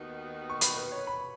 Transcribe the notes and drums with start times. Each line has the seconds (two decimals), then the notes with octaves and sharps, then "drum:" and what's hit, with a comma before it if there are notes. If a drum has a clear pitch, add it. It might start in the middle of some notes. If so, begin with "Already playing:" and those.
Already playing: D#2 D#3 B3 F#4
0.50 C#6
0.61 B5, drum: hi-hat
0.77 B4
0.92 C#5
1.07 B5